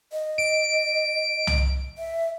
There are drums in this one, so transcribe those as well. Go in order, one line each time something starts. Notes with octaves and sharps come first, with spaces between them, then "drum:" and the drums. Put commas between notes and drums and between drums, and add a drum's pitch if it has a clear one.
D#5
D7
drum: tom C2
E5